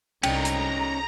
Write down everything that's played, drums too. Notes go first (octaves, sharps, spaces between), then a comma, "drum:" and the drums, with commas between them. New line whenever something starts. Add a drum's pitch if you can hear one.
C2 C#4 D#4 G5 A#5, drum: cymbal
drum: hi-hat